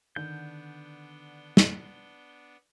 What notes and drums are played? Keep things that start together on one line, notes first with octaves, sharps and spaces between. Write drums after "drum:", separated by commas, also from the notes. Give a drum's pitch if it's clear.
D3 D#3 B3 D4 G6
drum: snare